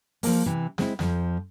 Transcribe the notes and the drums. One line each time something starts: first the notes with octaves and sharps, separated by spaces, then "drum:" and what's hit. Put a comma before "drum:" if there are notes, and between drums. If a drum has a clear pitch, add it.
F3 A#3, drum: open hi-hat
C3 E3
G#3 C4 E4, drum: snare
F2 F3, drum: snare